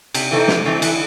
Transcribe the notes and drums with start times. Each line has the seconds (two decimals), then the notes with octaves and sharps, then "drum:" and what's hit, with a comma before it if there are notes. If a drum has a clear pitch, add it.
0.14 C3, drum: cymbal
0.31 E3 A3 C4 D#4
0.48 C3, drum: snare
0.66 E3 A3 C4 D#4
0.82 E3, drum: cymbal